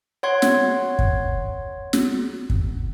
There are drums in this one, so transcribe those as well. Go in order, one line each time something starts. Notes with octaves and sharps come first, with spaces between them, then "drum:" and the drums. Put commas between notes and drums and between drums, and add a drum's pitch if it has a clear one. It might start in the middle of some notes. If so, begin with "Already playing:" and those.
C#5 F#5 C6 G#6
drum: snare
drum: kick
drum: snare
drum: kick